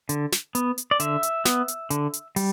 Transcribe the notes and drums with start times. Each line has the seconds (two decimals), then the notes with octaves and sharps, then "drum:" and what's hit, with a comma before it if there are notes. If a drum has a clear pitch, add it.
0.09 D3, drum: hi-hat
0.32 drum: snare
0.55 B3, drum: hi-hat
0.78 drum: hi-hat
0.91 D5
1.00 D3 E5, drum: hi-hat
1.23 drum: hi-hat
1.45 B3, drum: snare
1.68 drum: hi-hat
1.90 D3, drum: hi-hat
2.13 drum: hi-hat
2.36 G3, drum: open hi-hat